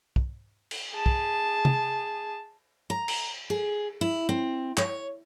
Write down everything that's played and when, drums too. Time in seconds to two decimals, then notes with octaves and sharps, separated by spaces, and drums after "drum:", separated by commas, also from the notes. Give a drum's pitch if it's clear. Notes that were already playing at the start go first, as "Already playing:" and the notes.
0.16 drum: kick
0.71 drum: cymbal
0.93 G#4 A5
1.06 drum: kick
1.65 drum: tom C3
2.90 A#5
3.08 drum: cymbal
3.50 G#4
4.01 E4
4.29 C4
4.77 C#5, drum: clap